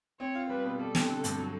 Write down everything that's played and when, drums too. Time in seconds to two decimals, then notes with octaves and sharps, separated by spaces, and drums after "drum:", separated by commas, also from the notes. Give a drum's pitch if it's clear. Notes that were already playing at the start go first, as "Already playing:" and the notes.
0.20 C4 C#5
0.35 F4
0.49 G3 B4
0.64 B2
0.79 G3 A4
0.95 C4, drum: snare
1.09 D3
1.24 G2, drum: hi-hat
1.38 F#3